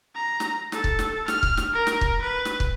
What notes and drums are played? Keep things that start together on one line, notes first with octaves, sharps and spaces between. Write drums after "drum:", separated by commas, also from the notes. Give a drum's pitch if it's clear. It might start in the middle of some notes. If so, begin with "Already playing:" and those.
A#5
drum: snare
A4, drum: snare
drum: kick
drum: snare
F6, drum: snare
drum: kick
drum: snare
A#4
drum: snare
drum: kick
B4
drum: snare
drum: kick